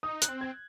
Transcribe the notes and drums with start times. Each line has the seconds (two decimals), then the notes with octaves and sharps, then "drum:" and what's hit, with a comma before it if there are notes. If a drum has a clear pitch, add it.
0.03 D#4 D#6
0.22 F#6, drum: hi-hat
0.29 C4
0.41 G#6